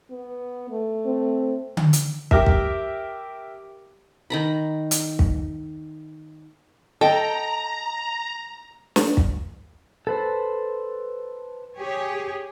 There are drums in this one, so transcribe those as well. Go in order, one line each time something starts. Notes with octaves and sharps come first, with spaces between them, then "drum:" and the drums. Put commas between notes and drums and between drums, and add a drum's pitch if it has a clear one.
B3
A3
C4
drum: tom D3
drum: hi-hat
G4 A#4 E5, drum: kick
drum: kick
D#3 A#5 B5
drum: hi-hat
drum: kick
A4 D#5 G5 A#5
drum: snare
drum: kick
A4 B4 C5
G4 G#4 C#5